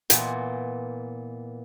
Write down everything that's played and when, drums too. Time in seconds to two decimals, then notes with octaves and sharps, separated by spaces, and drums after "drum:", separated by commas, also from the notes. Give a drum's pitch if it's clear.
0.10 A#2 E3 A#3 B3, drum: hi-hat